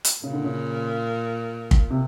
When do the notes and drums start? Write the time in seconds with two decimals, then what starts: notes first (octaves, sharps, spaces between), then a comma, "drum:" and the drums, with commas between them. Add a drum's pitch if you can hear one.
0.05 drum: hi-hat
0.24 A#2 C#3
0.33 D3
0.44 C#3
1.71 drum: kick
1.91 C3